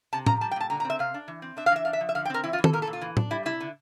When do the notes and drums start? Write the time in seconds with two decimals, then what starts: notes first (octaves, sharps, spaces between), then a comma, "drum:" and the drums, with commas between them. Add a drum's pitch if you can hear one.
0.13 C3 A5
0.26 F3 A#5, drum: tom A2
0.41 G3 A5
0.51 G5
0.56 A#2 A5
0.70 D3 A#5
0.80 A#5
0.85 C4 E5
0.99 C3 F5
1.14 D4
1.28 E3
1.42 C4
1.57 D4 E5
1.66 F5
1.72 E3 E5
1.85 D4 F5
1.93 E5
2.01 F3
2.09 E5
2.15 D3 F5
2.25 G5
2.30 C4 A#4
2.44 E3 E4
2.53 F4
2.59 E3
2.64 A4, drum: tom
2.73 A#2 A#4
2.82 A4
2.87 A#2
2.93 F4
3.01 E3
3.17 D4, drum: tom A2
3.31 G3 E4
3.45 C3 E4
3.60 D3